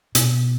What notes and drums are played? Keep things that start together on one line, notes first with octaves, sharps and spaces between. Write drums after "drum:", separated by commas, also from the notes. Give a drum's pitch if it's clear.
B2, drum: hi-hat